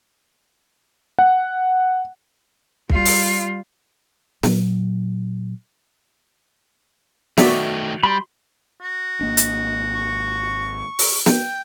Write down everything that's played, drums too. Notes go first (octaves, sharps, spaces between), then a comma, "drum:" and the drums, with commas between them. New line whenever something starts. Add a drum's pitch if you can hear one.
F#5
G3 F4, drum: kick
drum: open hi-hat
A#2 F#3, drum: snare
D#3 A3 F#4 D5 E5, drum: snare
G3 B5 C6
F#4
G#1 A#3 D4 D#5
drum: hi-hat
C#6
drum: open hi-hat
G5, drum: snare